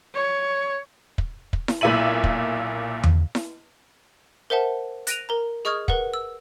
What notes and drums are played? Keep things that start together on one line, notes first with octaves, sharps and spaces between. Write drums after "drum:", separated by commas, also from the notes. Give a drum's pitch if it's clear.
C#5
drum: kick
drum: kick
drum: snare E4
B1 A#2 E4 E5 D#7 F#7
drum: kick
drum: tom E2
drum: snare E4
A#4 C5 E5 F#5 A5
F#6 A#6 D7 D#7 F7, drum: hi-hat
A#4 A#5
G#4 D#5 C#6 D#6 F6 G#6
A#4 B4 F#5, drum: kick
E6